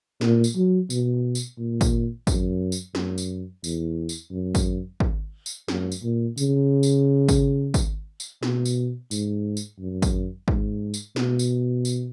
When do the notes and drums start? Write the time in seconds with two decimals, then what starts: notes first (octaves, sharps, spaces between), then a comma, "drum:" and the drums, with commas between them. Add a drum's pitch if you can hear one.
0.21 A#2, drum: snare
0.44 drum: tambourine
0.56 F#3
0.90 B2, drum: tambourine
1.35 drum: tambourine
1.58 A#2
1.81 drum: kick, tambourine
2.27 F#2, drum: kick, tambourine
2.72 drum: tambourine
2.95 F#2, drum: snare
3.18 drum: tambourine
3.64 E2, drum: tambourine
4.09 drum: tambourine
4.31 F#2
4.55 drum: kick, tambourine
5.00 drum: kick
5.46 drum: tambourine
5.68 F#2, drum: snare
5.92 drum: tambourine
6.03 A#2
6.38 C#3, drum: tambourine
6.83 drum: tambourine
7.29 drum: kick, tambourine
7.74 drum: kick, tambourine
8.20 drum: tambourine
8.43 B2, drum: snare
8.65 drum: tambourine
9.11 G#2, drum: tambourine
9.57 drum: tambourine
9.79 F#2
10.02 drum: kick, tambourine
10.48 G#2, drum: kick
10.94 drum: tambourine
11.16 B2, drum: snare
11.39 drum: tambourine
11.85 drum: tambourine